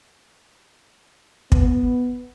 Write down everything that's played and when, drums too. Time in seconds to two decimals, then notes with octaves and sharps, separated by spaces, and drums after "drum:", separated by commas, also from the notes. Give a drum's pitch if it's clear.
1.52 B3, drum: kick